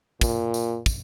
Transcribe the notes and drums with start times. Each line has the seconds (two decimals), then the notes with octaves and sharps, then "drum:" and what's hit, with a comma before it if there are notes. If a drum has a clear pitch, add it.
0.21 A#2, drum: kick, tambourine
0.54 drum: tambourine
0.86 drum: kick, tambourine